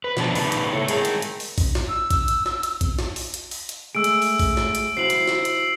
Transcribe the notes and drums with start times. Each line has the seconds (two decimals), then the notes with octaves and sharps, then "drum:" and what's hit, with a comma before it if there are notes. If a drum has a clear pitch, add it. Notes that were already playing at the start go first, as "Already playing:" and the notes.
0.04 B4
0.17 B2 F3 D4 C5 A5, drum: snare
0.35 C#3 A#3 D4 D#4 A#4 B4, drum: open hi-hat
0.52 drum: hi-hat
0.73 E4 A4 C#5
0.88 G#3 G#4 A#4, drum: hi-hat
1.05 drum: hi-hat
1.22 drum: hi-hat
1.40 drum: open hi-hat
1.58 drum: kick, open hi-hat
1.75 drum: snare
1.88 E6
2.10 drum: kick, hi-hat
2.28 drum: hi-hat
2.46 drum: snare
2.63 drum: hi-hat
2.81 drum: kick, hi-hat
2.99 drum: snare
3.16 drum: open hi-hat
3.34 drum: hi-hat
3.51 drum: open hi-hat
3.69 drum: hi-hat
3.95 G#3 A3 G#4 E6 D7
4.04 drum: hi-hat
4.22 drum: open hi-hat
4.39 drum: kick, open hi-hat
4.57 drum: snare
4.75 drum: hi-hat
4.97 E4 F#4 C5 C7 F#7
5.10 drum: hi-hat
5.28 drum: snare
5.45 drum: hi-hat